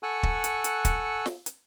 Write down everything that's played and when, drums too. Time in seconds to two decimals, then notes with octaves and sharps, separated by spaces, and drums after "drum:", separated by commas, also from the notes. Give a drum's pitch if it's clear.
0.03 A4 F#5 G#5 C#6 E6 F#6
0.23 drum: kick
0.44 drum: hi-hat
0.64 drum: hi-hat
0.85 drum: kick, hi-hat
1.26 drum: snare
1.46 drum: hi-hat